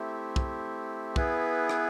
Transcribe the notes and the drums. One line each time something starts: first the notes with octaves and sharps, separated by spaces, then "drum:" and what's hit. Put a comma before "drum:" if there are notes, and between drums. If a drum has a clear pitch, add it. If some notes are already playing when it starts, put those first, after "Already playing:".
Already playing: A3 C4 E4 G4
drum: kick
B3 E4 G#4 B4, drum: kick
drum: rim click